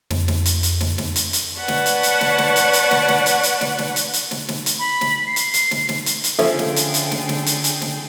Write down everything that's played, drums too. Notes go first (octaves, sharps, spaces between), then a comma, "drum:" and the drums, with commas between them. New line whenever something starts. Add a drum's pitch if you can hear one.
F2, drum: snare
drum: snare
drum: hi-hat
drum: hi-hat
drum: snare
drum: snare
drum: hi-hat
drum: hi-hat
B4 C#5 D5 F#5 A5 C#6
drum: snare
drum: hi-hat
drum: hi-hat
drum: snare
drum: snare
drum: hi-hat
drum: hi-hat
drum: snare
drum: snare
drum: hi-hat
drum: hi-hat
drum: snare
drum: snare
drum: hi-hat
drum: hi-hat
drum: snare
drum: snare
drum: hi-hat
B5
drum: snare
C7
drum: hi-hat
drum: hi-hat
drum: snare
drum: snare
drum: hi-hat
drum: hi-hat
D3 F3 C#4 G#4 A4 E5 F5 G5, drum: snare
drum: snare
drum: hi-hat
drum: hi-hat
drum: snare
drum: snare
drum: hi-hat
drum: hi-hat
drum: snare